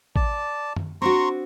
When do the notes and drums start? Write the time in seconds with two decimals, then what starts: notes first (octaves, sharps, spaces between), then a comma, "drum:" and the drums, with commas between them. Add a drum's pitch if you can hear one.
0.16 D5 A5, drum: kick A1
0.76 drum: tom F#2
1.02 C4 D4 F#4 A#5 C6 C#6